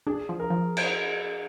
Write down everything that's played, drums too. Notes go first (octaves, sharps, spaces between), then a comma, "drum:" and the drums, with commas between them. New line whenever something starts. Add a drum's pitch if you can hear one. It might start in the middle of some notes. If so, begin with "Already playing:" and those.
D4 G#4
F3
A#4
F3
drum: cymbal